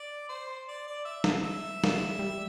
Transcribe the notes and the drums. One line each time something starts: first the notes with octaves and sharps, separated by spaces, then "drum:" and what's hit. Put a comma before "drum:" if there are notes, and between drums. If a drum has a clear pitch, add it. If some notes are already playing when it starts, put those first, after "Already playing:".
Already playing: D5
C5
D5
D5
E5
E5, drum: snare
E5
drum: snare
G3